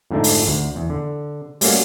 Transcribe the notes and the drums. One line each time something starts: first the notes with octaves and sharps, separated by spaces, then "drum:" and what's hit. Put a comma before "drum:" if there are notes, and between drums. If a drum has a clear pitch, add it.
F2 G#2 D3 A3 D4 D#4
drum: open hi-hat
D2
E2
D3
G3 A3 A#3 C#4 F#4, drum: open hi-hat